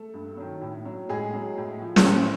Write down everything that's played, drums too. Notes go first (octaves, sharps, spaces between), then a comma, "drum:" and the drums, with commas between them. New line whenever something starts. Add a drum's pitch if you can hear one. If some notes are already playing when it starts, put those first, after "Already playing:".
Already playing: A3 A4
G2
D#3 F#3
A2
F#3
A2 G#3 G#4
F#3
A2
F3
C5, drum: snare
A2 C#4 C#5